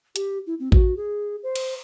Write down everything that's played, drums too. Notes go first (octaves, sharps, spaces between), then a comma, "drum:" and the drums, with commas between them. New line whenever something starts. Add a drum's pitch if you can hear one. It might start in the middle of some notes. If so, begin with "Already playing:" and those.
G4, drum: hi-hat
E4
C4
F#4, drum: kick A1
G#4
C5
drum: cymbal